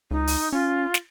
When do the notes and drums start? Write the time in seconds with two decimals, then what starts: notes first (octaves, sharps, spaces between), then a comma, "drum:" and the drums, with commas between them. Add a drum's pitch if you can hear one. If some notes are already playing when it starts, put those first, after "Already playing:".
0.11 C#2 D#4
0.27 drum: open hi-hat
0.53 C#4 F4
0.94 drum: snare